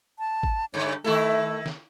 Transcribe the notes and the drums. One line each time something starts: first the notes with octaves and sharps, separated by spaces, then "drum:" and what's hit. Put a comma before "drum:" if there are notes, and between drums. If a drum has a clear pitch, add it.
A5
drum: kick
G2 D3 C#5
D#3 A3 E4 A4
drum: snare